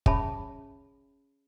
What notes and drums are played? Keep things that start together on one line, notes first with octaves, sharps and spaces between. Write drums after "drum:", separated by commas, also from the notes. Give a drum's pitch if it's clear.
C#4 G#4 C#5 E5 A5 B5, drum: kick